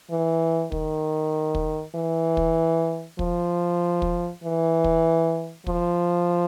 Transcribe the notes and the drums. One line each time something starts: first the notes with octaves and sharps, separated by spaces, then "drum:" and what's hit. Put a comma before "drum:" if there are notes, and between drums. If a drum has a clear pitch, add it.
E3
D#3, drum: kick
drum: kick
E3
drum: kick
F3, drum: kick
drum: kick
E3
drum: kick
F3, drum: kick